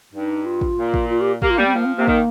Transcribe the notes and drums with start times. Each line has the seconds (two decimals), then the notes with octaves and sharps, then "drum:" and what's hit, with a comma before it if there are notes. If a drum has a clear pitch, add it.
0.13 G2 D#4
0.45 F4
0.61 drum: kick
0.78 A#2
0.94 drum: kick
1.10 F4
1.21 G4
1.42 A#3 G4, drum: kick
1.50 F4
1.58 G3 A#3
1.66 C4
1.74 F3 A#3
1.85 C4
1.96 C3 A#3
2.08 D#3, drum: kick